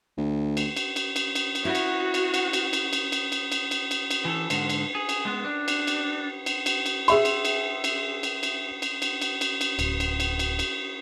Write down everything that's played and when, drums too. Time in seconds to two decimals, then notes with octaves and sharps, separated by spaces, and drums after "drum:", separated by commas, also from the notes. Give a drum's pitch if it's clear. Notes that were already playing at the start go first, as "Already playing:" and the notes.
0.18 D2
0.57 drum: cymbal
0.76 drum: cymbal
0.96 drum: cymbal
1.16 drum: cymbal
1.35 drum: cymbal
1.55 drum: cymbal
1.65 E4 F#4
1.75 drum: cymbal
2.14 drum: cymbal
2.34 drum: cymbal
2.53 drum: cymbal
2.73 drum: cymbal
2.93 drum: cymbal
3.12 drum: cymbal
3.32 drum: cymbal
3.52 drum: cymbal
3.71 drum: cymbal
3.91 drum: cymbal
4.11 drum: cymbal
4.25 E3 A4
4.50 G#2 D3, drum: cymbal
4.70 drum: cymbal
4.95 G#4
5.09 drum: cymbal
5.25 G#3 B3
5.45 D4
5.68 drum: cymbal
5.87 drum: cymbal
6.46 drum: cymbal
6.66 drum: cymbal
6.86 drum: cymbal
7.08 G#4 E5 C6, drum: cymbal
7.25 drum: cymbal
7.45 drum: cymbal
7.84 drum: cymbal
8.23 drum: cymbal
8.43 drum: cymbal
8.82 drum: cymbal
9.02 drum: cymbal
9.21 drum: cymbal
9.41 drum: cymbal
9.61 drum: cymbal
9.79 D1, drum: cymbal
10.00 drum: cymbal
10.20 drum: cymbal
10.39 drum: cymbal
10.59 drum: cymbal